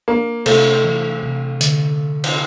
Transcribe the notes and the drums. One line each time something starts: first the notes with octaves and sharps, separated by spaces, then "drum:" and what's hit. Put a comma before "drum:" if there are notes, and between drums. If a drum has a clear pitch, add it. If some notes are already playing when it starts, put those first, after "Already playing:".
A#3 D4
C3 A3, drum: cymbal
E3
C3
D3, drum: hi-hat
drum: cymbal